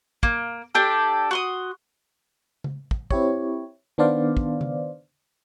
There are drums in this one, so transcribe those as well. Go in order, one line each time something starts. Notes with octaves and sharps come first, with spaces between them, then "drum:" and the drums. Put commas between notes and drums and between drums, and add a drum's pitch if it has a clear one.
A#3, drum: kick
D4 G4 A4
F#4 C6 D#6
drum: tom C#3
drum: kick
C4 E4 G4 C#5, drum: kick
D#3 B3 D4 C5 D5 F5
drum: kick
drum: tom C#3